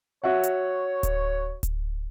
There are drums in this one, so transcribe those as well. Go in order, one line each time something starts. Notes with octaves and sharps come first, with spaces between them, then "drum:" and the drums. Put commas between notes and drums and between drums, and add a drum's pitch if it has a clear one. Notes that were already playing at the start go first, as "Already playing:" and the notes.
F#4 C#5 E5 F#5
drum: hi-hat
drum: kick D1, hi-hat
drum: kick D1, hi-hat